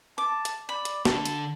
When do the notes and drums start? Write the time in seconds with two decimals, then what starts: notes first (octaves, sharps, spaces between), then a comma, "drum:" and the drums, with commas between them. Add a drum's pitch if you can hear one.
0.18 A5 D6
0.45 drum: hi-hat
0.69 D5 B5
0.85 drum: hi-hat
1.05 D3 D4 A5, drum: snare
1.25 drum: hi-hat